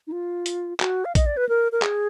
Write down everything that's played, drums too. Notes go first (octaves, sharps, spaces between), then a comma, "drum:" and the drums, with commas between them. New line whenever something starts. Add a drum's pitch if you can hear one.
D#4
F4
drum: hi-hat
F#4, drum: clap
F5
D#5, drum: kick A#1, hi-hat
D5
B4
A#4
A#4
G#4, drum: clap